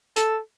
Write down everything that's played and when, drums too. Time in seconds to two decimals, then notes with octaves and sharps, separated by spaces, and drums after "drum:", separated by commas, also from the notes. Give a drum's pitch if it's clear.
0.16 A4, drum: hi-hat